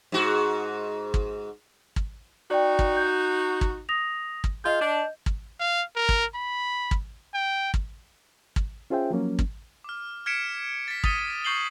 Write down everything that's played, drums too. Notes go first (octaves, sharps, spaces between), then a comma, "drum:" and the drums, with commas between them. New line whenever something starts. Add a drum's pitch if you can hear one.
G#2 F#4
drum: kick
drum: kick
D#4 F#4 D5 G5
drum: kick
G6
drum: kick
D#6 A#6 F7
drum: kick
F4 G#4 D#5 F5 G6
D4
drum: kick
F5
A#4
drum: kick
B5
drum: kick
G5
drum: kick
drum: kick
C#4 F4 G#4 C5 E5 G5
F3 F#3 A#3 C#4
drum: kick
D6 F6
F6 G#6 B6 C#7 D7 E7
A6 B6
D#6 A6 B6 C#7 D#7 G7, drum: kick
C#6 G6 C7 F#7 G7